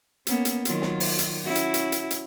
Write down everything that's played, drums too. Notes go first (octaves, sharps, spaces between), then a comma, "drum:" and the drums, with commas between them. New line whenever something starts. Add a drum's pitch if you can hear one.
A#3 B3 C#4, drum: hi-hat
drum: hi-hat
D#3 F#3 F4, drum: hi-hat
drum: snare
drum: open hi-hat
drum: hi-hat
C#4 E4 F#4
drum: hi-hat
drum: hi-hat
drum: hi-hat
drum: hi-hat